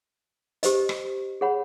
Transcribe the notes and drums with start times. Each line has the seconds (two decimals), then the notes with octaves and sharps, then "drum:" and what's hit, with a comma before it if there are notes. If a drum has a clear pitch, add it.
0.63 G4 C5 D#5, drum: hi-hat
0.89 drum: rim click
1.41 G#4 C#5 F#5 B5